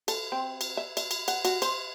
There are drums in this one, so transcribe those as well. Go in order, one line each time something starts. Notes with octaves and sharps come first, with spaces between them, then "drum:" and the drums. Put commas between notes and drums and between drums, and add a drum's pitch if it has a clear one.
A4, drum: cymbal
C4
drum: cymbal
E5
E5, drum: cymbal
drum: cymbal
F#5, drum: cymbal
F#4, drum: cymbal
C5, drum: cymbal